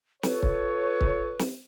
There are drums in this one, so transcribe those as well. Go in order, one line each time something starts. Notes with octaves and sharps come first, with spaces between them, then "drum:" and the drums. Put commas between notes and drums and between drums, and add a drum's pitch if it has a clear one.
F4 A4 B4 C#5, drum: snare
drum: kick
drum: kick
drum: snare